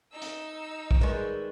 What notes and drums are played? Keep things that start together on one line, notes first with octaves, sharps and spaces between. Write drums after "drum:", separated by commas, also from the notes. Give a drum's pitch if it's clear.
D#4 E6
drum: hi-hat
drum: kick A#1
D#3 G#3 B4 D5 C#6